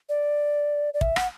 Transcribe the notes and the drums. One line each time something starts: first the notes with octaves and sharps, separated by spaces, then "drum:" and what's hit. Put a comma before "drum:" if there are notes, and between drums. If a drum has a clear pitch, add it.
D5
D5
E5, drum: kick
F#5, drum: rim click